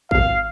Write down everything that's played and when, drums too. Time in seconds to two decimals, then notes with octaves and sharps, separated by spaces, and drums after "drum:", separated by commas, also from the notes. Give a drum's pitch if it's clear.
0.11 F5, drum: kick G#1